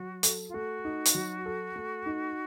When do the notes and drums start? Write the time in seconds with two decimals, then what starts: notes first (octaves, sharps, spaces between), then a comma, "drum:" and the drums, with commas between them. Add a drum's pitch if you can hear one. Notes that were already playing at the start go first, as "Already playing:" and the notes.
Already playing: F#3 F#4
0.23 A4, drum: hi-hat
0.48 F4
0.54 A3 F#4
0.85 D#4
1.06 drum: hi-hat
1.15 F#3
1.46 A4
1.76 A3
2.06 D#4